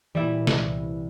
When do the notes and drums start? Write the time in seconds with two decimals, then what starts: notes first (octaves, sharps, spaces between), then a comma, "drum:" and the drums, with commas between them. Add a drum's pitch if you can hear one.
0.15 A#2 E3 G3 E4
0.47 C2, drum: snare